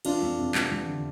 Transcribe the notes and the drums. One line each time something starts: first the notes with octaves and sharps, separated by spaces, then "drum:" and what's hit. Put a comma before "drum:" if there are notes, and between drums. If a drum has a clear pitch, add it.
E3 D4 F4, drum: cymbal
F2
C3
E2, drum: clap
E2
D3